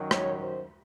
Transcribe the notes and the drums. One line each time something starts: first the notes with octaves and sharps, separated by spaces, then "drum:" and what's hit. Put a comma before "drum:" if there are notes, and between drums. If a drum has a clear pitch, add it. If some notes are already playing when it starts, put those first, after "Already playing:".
Already playing: F#2 D#3 F#3
C#5, drum: rim click
C5